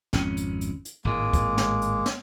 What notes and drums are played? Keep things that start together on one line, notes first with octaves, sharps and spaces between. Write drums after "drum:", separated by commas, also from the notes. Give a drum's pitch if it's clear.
G#1 F2 C#4, drum: snare
drum: hi-hat
drum: hi-hat
drum: hi-hat
G#1 A2 G#3 A#3
drum: kick, hi-hat
drum: snare
drum: hi-hat
drum: snare